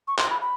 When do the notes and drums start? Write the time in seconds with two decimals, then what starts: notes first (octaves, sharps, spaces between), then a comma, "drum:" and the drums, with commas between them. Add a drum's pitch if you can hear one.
0.08 C#6
0.18 C6, drum: clap
0.30 B5
0.41 B5